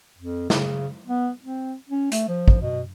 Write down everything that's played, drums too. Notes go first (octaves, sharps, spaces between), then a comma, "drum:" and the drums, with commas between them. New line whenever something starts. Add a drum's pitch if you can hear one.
F2
C#3, drum: snare
B3
C4
C#4
A3, drum: hi-hat
F3
drum: kick
B2